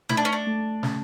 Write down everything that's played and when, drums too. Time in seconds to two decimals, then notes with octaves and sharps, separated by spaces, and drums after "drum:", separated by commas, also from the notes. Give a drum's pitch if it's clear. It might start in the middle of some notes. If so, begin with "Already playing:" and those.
0.09 A3 E4, drum: snare
0.17 D4
0.25 C#4
0.33 D4
0.46 A3
0.83 C#3, drum: snare